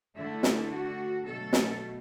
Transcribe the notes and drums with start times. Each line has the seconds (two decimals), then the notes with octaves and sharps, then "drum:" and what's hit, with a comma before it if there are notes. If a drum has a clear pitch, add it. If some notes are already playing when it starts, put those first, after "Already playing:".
0.15 D3 A3 D4 E4
0.43 drum: snare
0.70 F#4
1.25 B2 F#3 A3 A4
1.53 drum: snare